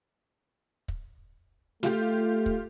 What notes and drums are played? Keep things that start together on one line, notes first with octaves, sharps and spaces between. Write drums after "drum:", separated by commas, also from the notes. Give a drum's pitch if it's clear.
drum: kick
A3 F4 G4, drum: snare
drum: kick